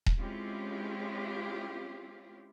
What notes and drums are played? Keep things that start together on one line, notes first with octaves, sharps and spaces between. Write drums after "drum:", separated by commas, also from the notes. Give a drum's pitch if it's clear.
drum: kick D#1
G#3 C4 C#4 E4 F4 G4